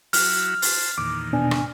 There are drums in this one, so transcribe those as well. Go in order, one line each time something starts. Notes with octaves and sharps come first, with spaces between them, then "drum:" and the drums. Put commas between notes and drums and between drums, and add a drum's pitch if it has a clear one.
F#3 E4 F#4 F6, drum: open hi-hat
C5 A5, drum: open hi-hat
E2 A#2 D#3 D6
B2 B3 D4 G#5
drum: rim click